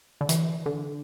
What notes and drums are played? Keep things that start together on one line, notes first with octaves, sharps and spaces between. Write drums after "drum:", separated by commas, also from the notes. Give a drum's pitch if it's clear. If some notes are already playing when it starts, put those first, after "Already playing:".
D3
E3, drum: hi-hat
D3